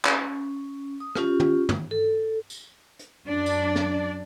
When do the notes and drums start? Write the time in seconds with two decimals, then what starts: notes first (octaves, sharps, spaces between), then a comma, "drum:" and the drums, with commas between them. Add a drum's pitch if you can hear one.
0.05 C#4, drum: clap
1.00 D#6
1.15 C#4 F4 G4, drum: rim click
1.40 drum: tom
1.69 drum: tom
1.91 A4
2.50 drum: tambourine
2.99 drum: hi-hat
3.27 F#2 D4 D5
3.46 drum: tambourine
3.76 drum: snare